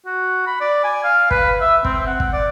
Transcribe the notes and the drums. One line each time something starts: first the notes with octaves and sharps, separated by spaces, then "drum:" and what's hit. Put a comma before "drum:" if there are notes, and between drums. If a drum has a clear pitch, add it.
F#4
B5
D5
G#5
F5
B4, drum: kick
E5
C4, drum: kick
F#5
drum: kick
D5